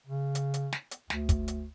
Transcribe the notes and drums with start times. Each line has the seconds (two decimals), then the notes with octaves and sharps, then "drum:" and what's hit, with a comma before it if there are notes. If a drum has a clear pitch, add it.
0.07 C#3
0.35 drum: hi-hat
0.54 drum: hi-hat
0.72 drum: snare
0.91 drum: hi-hat
1.10 D2, drum: snare
1.29 drum: kick, hi-hat
1.48 drum: hi-hat